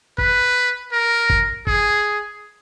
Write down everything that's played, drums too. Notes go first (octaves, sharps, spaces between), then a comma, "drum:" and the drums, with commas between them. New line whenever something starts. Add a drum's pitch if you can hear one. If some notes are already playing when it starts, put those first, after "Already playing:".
B4, drum: kick G1
A#4
drum: kick G1
G#4, drum: kick G1